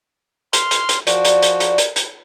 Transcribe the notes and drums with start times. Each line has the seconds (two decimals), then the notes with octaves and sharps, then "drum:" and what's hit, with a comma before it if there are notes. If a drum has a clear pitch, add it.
0.53 C6 F6, drum: hi-hat
0.71 drum: hi-hat
0.89 drum: hi-hat
1.07 F3 F#4 D5, drum: hi-hat
1.25 drum: hi-hat
1.42 drum: hi-hat
1.60 drum: hi-hat
1.78 drum: hi-hat
1.96 drum: hi-hat